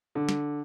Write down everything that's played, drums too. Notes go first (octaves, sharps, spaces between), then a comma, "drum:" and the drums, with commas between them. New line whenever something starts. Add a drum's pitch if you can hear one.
D3
drum: snare